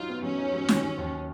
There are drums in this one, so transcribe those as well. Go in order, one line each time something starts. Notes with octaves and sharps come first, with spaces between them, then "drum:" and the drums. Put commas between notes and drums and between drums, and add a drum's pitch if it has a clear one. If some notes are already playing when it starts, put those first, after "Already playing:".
Already playing: F#3 D#4 F4
B3
F#3 C#4
D#4
F#3
D#3, drum: snare
D#3
D#2